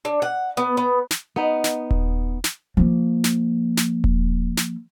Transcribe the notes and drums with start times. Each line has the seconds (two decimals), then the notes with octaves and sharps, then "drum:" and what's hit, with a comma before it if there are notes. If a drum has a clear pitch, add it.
0.05 D4
0.22 F#5
0.57 B3
0.77 B3
1.11 drum: snare
1.36 B3 D#4
1.64 drum: snare
1.91 drum: kick D#1
2.44 drum: snare
2.77 F3 A#3
3.24 drum: snare
3.77 drum: snare
4.04 drum: kick D#1
4.57 drum: snare